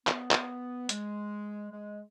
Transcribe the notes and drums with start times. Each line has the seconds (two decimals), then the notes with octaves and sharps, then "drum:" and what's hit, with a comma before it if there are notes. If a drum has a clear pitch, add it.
0.07 B3, drum: clap
0.31 drum: clap
0.89 G#3, drum: hi-hat
1.71 G#3